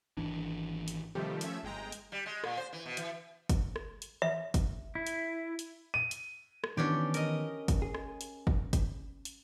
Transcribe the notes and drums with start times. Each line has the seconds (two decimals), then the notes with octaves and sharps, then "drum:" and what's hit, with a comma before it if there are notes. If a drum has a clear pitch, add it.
0.17 G#1 E3 D4
0.88 drum: hi-hat
1.15 C3 D#3 F3 G3 A3 G4
1.41 F3 A3 C#4 E5 G#6, drum: hi-hat
1.63 G1 G#3 G5 A#5
1.92 drum: hi-hat
2.12 G3
2.26 G#3
2.44 A#2, drum: rim click
2.57 C5
2.73 E3
2.86 B2
2.97 E3, drum: hi-hat
3.49 drum: kick, hi-hat
3.76 drum: rim click
4.02 drum: hi-hat
4.22 E5
4.54 drum: kick, hi-hat
4.95 E4
5.07 drum: hi-hat
5.59 drum: hi-hat
5.94 D#7
6.11 drum: hi-hat
6.64 drum: rim click
6.77 D#3 E3 B3 C#4 D4 G4
7.14 A#4 D#5, drum: hi-hat
7.68 drum: kick, hi-hat
7.82 G#4
7.94 drum: rim click
8.21 drum: hi-hat
8.47 drum: kick
8.73 drum: kick, hi-hat
9.25 drum: hi-hat